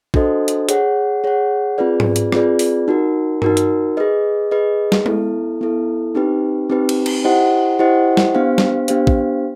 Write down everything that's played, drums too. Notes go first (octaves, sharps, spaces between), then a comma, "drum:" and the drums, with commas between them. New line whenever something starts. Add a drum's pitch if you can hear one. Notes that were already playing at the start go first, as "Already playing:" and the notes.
D4 F#4 A4 C5 D#5, drum: kick
drum: hi-hat
G#4 C#5 F#5, drum: hi-hat
G#4 C#5 F#5
C4 F4 G#4 B4 D5
drum: tom G#2
drum: hi-hat
C4 F4 G#4 B4 D5, drum: rim click
drum: open hi-hat
D#4 F#4 A#4
D#4 F#4 A#4, drum: tom G2
drum: hi-hat
G#4 B4 D#5
G#4 B4 D#5
drum: snare
B3 E4 A4, drum: tom G#3
B3 E4 A4
C4 D#4 G4 B4
C4 D#4 G4 B4
drum: cymbal
drum: cymbal
E4 G4 C5 D#5 F#5
E4 G4 C5 D#5 F#5
drum: snare
B3 D4 G4 C5 F5
drum: snare
B3 D4 G4 C5 F5, drum: hi-hat
drum: kick